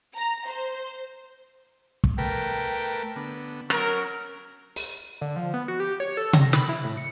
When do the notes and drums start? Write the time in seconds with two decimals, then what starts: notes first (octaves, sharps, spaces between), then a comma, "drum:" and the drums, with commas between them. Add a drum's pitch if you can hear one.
0.16 A#5
0.47 C5
2.04 drum: kick
2.18 A3 A#4 B4 G5
3.16 D3 B3
3.70 F#3 C#4 A#4, drum: rim click
4.76 drum: open hi-hat
5.21 D3
5.36 F3
5.54 B3
5.68 F#4
5.80 G4
6.00 C#5
6.17 A4
6.33 A#6, drum: tom C3
6.53 B5, drum: snare
6.69 E4
6.84 A2
6.97 C#7